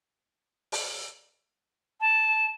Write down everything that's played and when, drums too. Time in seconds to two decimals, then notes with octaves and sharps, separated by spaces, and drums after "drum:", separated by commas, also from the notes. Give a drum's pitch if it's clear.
0.72 drum: open hi-hat
2.01 A5